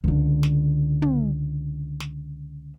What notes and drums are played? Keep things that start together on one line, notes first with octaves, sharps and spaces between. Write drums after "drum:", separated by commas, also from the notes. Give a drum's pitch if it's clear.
C#2 D3
drum: snare
drum: tom
drum: snare